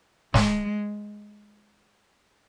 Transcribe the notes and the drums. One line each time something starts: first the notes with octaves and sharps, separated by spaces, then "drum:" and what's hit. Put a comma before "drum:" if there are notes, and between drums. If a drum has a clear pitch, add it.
G#3, drum: snare